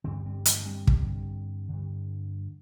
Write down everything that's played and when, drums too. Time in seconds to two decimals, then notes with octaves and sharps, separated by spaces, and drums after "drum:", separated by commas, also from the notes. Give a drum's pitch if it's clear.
0.04 G2 D3 G3 C4
0.26 G3 C4
0.45 F3 A3, drum: hi-hat
0.66 G3 C4
0.87 G2 D3, drum: kick
1.69 G2 D3